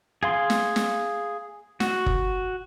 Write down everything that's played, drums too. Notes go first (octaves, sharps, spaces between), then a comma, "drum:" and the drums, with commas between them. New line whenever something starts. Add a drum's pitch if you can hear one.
G#4 F5 C6
drum: snare
drum: snare
F#4, drum: snare
drum: kick